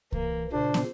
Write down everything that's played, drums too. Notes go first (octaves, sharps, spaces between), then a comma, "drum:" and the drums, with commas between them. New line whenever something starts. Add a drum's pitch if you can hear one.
E3 A#3, drum: kick C2
A#2 C#3 D4 C5
drum: snare